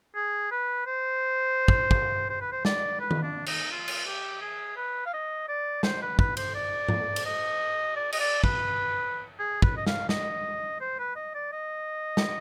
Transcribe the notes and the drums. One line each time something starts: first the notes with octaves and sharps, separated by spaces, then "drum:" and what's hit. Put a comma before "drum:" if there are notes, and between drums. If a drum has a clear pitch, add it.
G#4
B4
C5
drum: kick
drum: kick
C5
B4
C5
D5, drum: snare
B4
drum: tom D#3
D4
D#4, drum: cymbal
F4
drum: cymbal
G4
G#4
B4
F5
D#5
D5
C5, drum: snare
B4
B4, drum: kick
C5, drum: cymbal
D5
drum: tom G#2
drum: cymbal
D#5
D5
D#5, drum: cymbal
D5
B4, drum: kick
G#4
B4, drum: kick
D#5
F5, drum: snare
D#5, drum: snare
C5
B4
D#5
D5
D#5
drum: snare